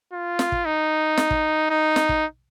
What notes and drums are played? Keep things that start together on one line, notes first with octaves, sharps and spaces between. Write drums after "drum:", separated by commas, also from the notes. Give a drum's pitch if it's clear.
F4
drum: snare
drum: kick
D#4
drum: snare
drum: kick
D#4
drum: snare
drum: kick